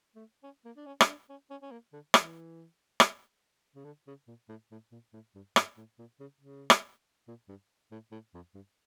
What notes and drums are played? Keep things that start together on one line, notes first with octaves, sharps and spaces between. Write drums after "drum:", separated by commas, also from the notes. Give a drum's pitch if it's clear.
A3
C#4
A#3
D4
C#4
C#4, drum: rim click
D4
C#4
C#4
C#4
A#3
D3
E3, drum: rim click
drum: rim click
C#3
D3
C#3
A#2
A2
A2
A#2
A2
G2
G2, drum: rim click
A2
A#2
C#3
C#3
drum: rim click
A#2
G2
A2
A2
F2
G2